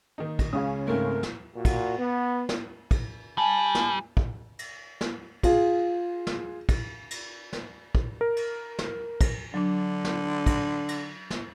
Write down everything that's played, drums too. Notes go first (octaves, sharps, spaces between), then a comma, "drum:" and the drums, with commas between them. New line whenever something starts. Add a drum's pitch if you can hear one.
D#3 A#3 D#4
drum: kick, cymbal
C#2 C#3 C#4 F5 D#6
G#2 A3 C4 A#4
drum: snare
A#2 F#4
drum: kick, cymbal
B3
drum: snare
drum: kick, cymbal
G3 G#5 A5
drum: snare
drum: kick
drum: cymbal
drum: snare
F4 G#4, drum: kick, cymbal
drum: snare
drum: kick, cymbal
drum: cymbal
drum: snare
drum: kick
A#4
drum: cymbal
drum: snare
drum: kick, cymbal
D3 F#3 D4
drum: snare
drum: kick, cymbal
drum: cymbal
drum: snare